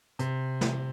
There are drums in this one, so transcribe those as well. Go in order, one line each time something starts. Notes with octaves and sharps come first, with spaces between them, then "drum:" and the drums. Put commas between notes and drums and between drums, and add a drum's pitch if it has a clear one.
C3, drum: hi-hat
drum: snare